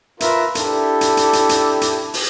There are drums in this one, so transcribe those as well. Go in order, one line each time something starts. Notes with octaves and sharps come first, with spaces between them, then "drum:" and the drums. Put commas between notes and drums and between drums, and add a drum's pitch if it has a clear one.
F4 A#4 B4 E5, drum: hi-hat
D4 E4 G4 A4, drum: hi-hat
drum: hi-hat
drum: hi-hat
drum: hi-hat
drum: hi-hat
drum: hi-hat
drum: open hi-hat